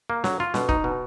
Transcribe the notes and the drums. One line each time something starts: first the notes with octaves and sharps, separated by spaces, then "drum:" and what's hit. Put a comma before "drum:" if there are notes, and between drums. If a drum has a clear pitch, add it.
A#3
F#3, drum: snare
F4
B2, drum: snare
D#4, drum: kick
B2